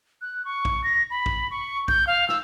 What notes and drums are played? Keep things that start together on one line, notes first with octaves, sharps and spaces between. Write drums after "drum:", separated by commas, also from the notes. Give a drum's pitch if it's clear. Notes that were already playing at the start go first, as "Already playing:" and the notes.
F#6
C#6
drum: kick
A#6
B5
drum: kick
C#6
G6, drum: kick
F5
E6, drum: snare